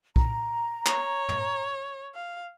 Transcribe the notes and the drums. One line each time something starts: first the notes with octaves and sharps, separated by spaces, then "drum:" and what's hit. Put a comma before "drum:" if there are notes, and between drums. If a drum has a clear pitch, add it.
A#5, drum: kick B1
C#5, drum: clap
drum: tom
F5